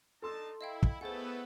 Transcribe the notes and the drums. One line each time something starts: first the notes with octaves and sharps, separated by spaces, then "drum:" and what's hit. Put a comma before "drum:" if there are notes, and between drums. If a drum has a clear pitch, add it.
D4 D#4 A4 A5 C6 E6
E4 D#5 F5 G5
drum: kick
A3 B3 E4 G#4 A4 B4 C5 F#5